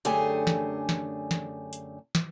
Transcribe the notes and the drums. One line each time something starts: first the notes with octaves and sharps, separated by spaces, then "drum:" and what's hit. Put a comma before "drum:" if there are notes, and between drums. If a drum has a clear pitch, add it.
F#2 D3 A3 G4 G#4 G#5, drum: hi-hat
drum: snare
drum: snare
drum: snare
drum: hi-hat
drum: snare